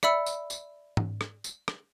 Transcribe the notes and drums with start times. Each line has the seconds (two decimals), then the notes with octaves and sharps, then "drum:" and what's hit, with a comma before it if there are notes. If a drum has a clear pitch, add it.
0.03 D5 E5 B5 E6 C#7, drum: rim click
0.26 drum: tambourine
0.50 drum: tambourine
0.97 drum: tom G#2
1.21 drum: rim click
1.44 drum: tambourine
1.68 drum: rim click